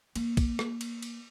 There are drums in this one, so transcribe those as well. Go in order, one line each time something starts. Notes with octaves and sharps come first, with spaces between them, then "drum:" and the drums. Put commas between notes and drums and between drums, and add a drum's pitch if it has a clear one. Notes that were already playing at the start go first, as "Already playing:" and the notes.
A#3, drum: cymbal
drum: kick, cymbal
drum: rim click
drum: cymbal
drum: cymbal